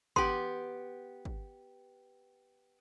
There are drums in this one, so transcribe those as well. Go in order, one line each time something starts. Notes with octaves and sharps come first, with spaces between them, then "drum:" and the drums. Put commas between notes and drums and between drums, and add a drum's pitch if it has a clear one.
B3 G4 C6, drum: kick G#1
drum: kick G#1